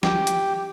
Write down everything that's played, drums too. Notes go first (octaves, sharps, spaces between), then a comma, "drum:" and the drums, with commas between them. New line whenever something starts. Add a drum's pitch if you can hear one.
G4, drum: snare
drum: hi-hat